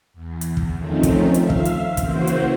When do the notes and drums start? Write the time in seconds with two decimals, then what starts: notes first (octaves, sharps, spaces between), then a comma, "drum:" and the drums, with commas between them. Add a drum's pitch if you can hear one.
0.13 E2
0.41 drum: hi-hat
0.57 drum: kick
0.77 D#3 F3 A3 C4 C#4 D#4
1.03 drum: kick, hi-hat
1.34 E5 F5, drum: hi-hat
1.50 drum: kick
1.65 drum: hi-hat
1.97 C#3 E3 A#3 F#4 C5, drum: kick, hi-hat
2.27 drum: hi-hat